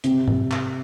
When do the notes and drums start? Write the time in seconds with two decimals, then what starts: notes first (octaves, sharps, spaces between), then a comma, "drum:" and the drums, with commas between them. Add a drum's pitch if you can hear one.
0.04 C3, drum: hi-hat
0.28 drum: tom G#2
0.51 drum: clap